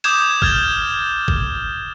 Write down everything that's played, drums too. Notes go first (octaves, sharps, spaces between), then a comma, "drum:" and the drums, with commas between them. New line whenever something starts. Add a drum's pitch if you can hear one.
D6 D#6 G6 G#6 E7, drum: cymbal
F6 G#6 A6 G7, drum: kick
drum: kick